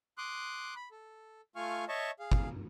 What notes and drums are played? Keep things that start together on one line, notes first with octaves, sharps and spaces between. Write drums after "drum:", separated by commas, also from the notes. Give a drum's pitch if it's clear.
C6 D6 D#6 F#6
B5
A4
A3 F4 F5 G#5 C#6 F6
C#5 D#5 E5 A5 C#6
G#4 F5
drum: kick